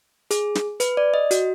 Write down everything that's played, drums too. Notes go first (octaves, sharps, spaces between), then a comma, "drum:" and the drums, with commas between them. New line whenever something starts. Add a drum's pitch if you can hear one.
G#4, drum: hi-hat
drum: snare
B4, drum: hi-hat
D5
D#5
F#4, drum: hi-hat